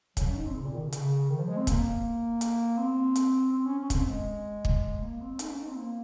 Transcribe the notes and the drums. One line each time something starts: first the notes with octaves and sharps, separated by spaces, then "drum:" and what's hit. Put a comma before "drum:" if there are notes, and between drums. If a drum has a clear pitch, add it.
F#3, drum: kick, hi-hat
C#4
D#4
C4
C#3
A#2
D#3
C#3
C#3, drum: hi-hat
D#3
F3
G#3
C4
A#3, drum: kick, hi-hat
drum: hi-hat
C4
drum: hi-hat
C4
C#4
C#4
C4, drum: kick, hi-hat
G#3
drum: kick
A#3
C4
D#4, drum: hi-hat
C#4
D#4
C4
A#3